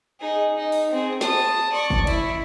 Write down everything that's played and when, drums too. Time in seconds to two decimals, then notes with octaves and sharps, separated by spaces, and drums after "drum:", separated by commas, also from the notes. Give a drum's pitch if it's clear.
0.20 D#4 G#4
0.56 D#4
0.72 drum: open hi-hat
0.91 C4 G#4
1.21 A5 D#6, drum: snare
1.72 D5 C#6
1.90 drum: kick
2.07 E4, drum: cymbal